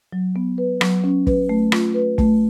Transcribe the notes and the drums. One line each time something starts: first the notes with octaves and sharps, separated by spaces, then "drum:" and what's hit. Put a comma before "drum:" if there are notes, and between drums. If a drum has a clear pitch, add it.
F#3
B3
B4
F#3, drum: rim click
C#4
B4, drum: kick
A3
F4, drum: rim click
B4
A3, drum: kick